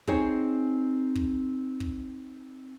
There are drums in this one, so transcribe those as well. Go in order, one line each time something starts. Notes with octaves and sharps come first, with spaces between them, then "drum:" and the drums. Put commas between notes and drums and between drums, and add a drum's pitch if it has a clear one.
C4 D#4 G#4 C5 C#5, drum: kick
drum: kick
drum: kick